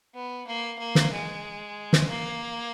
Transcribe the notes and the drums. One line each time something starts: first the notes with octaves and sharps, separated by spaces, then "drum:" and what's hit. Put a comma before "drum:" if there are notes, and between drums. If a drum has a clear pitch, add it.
B3
A#3
A#3
drum: snare
G#3
drum: snare
A#3